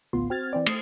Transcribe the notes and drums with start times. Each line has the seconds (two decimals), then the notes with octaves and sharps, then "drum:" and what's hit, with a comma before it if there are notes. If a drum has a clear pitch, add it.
0.13 A1 D2 B3 F4 C6
0.30 C4 F#4 F6 G#6 A6
0.53 E3 C4 D5
0.66 A3 D#6, drum: cymbal